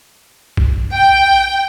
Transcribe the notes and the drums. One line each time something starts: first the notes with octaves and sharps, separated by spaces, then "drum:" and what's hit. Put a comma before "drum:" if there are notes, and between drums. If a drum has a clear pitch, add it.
drum: kick
G5